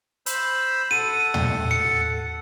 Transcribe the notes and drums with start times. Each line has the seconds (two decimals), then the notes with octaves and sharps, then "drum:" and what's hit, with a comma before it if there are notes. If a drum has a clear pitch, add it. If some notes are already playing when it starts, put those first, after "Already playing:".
0.26 C5 B5 E6, drum: hi-hat
0.91 A4 F#5 D#7
1.34 drum: tom
1.71 C#7